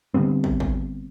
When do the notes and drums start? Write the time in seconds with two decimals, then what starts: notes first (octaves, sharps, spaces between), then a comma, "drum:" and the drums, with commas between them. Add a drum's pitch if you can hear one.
0.14 D3 G3 B3 C4
0.44 drum: kick
0.60 drum: kick